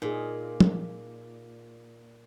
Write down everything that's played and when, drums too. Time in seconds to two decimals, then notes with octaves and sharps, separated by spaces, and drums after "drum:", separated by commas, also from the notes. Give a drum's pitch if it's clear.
0.02 A#2 D#4 G#4
0.60 drum: tom